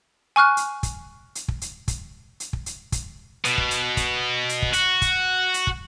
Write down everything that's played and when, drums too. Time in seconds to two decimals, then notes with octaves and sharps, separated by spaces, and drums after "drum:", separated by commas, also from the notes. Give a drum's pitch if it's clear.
0.36 G#5 C#6 F6 F#6
0.57 drum: hi-hat
0.83 drum: kick, hi-hat
1.35 drum: hi-hat
1.48 drum: kick
1.61 drum: hi-hat
1.88 drum: kick, hi-hat
2.40 drum: hi-hat
2.53 drum: kick
2.66 drum: hi-hat
2.92 drum: kick, hi-hat
3.45 B2, drum: hi-hat
3.58 drum: kick
3.71 drum: hi-hat
3.97 drum: kick, hi-hat
4.49 drum: hi-hat
4.62 drum: kick
4.73 F#4, drum: hi-hat
5.02 drum: kick, hi-hat
5.54 drum: hi-hat
5.67 drum: kick